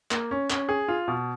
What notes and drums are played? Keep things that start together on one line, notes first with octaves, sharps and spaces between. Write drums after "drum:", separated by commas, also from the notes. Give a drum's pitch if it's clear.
A#3, drum: clap
C#4
C#4, drum: clap
G#4
F4
B2